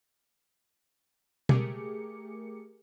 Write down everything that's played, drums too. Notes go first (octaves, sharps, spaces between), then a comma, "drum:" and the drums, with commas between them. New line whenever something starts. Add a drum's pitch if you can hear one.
A3 G4 G#4 A#4 D6 C#7, drum: tom B2